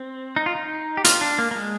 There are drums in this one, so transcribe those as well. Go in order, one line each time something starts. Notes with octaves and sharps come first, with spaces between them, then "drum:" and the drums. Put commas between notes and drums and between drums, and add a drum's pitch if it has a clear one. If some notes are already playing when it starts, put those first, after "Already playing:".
Already playing: C4
D#4
F4
D#4
G4
F4, drum: hi-hat
D4
A#3
A#3
G#3